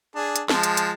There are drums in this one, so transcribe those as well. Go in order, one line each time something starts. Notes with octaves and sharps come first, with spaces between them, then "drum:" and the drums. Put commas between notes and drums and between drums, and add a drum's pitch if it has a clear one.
D4 G#4
drum: hi-hat
F3 G#3 A5, drum: snare
drum: hi-hat
drum: hi-hat